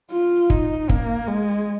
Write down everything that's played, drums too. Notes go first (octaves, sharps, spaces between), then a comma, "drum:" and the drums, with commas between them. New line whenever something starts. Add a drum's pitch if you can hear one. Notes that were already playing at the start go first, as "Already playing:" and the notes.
F4
D#4, drum: kick
A#3, drum: kick
G#3